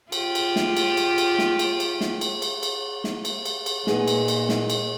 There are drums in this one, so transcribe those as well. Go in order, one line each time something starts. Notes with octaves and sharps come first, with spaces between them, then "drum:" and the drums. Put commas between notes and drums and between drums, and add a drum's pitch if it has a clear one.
F4 G4, drum: cymbal
drum: cymbal
drum: snare
drum: cymbal
drum: cymbal
drum: cymbal
drum: snare
drum: cymbal
drum: cymbal
drum: snare
drum: cymbal
drum: cymbal
drum: cymbal
drum: snare
drum: cymbal
drum: cymbal
drum: cymbal
A#2 B3 D#4 G#4, drum: snare
drum: cymbal
drum: cymbal
drum: snare
drum: cymbal